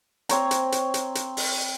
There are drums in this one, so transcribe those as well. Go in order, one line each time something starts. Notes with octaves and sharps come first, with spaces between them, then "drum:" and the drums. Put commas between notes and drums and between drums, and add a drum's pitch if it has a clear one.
C4 C#5 A#5, drum: hi-hat
drum: hi-hat
drum: hi-hat
drum: hi-hat
drum: hi-hat
drum: open hi-hat